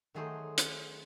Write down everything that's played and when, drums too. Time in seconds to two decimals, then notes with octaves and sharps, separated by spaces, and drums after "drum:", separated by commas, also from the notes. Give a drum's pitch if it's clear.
0.14 D#3 F#3 A3 G#4 C5
0.58 drum: hi-hat